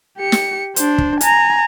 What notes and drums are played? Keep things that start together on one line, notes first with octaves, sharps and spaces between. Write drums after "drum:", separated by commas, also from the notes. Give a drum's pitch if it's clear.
G4 C#7
drum: snare
D4 C5, drum: hi-hat
drum: kick
G#5 A#5, drum: hi-hat